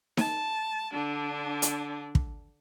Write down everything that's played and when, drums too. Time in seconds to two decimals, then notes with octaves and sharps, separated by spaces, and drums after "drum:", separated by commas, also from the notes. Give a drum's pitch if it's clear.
0.17 A5, drum: snare D#4
0.93 D3 D4
1.62 drum: hi-hat
2.15 drum: kick